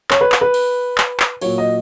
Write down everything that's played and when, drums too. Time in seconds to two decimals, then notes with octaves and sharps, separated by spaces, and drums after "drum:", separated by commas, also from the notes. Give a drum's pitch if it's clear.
0.11 C#5, drum: clap
0.21 B4
0.32 drum: clap
0.41 B4
0.54 drum: cymbal
0.98 drum: clap
1.20 drum: clap
1.42 A#2 F#3 C#5, drum: cymbal
1.58 D#5